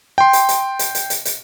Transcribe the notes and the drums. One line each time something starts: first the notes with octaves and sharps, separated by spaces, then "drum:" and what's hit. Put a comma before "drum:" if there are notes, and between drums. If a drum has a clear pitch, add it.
G5 C6
drum: hi-hat
drum: hi-hat
drum: hi-hat
drum: hi-hat
drum: hi-hat
drum: hi-hat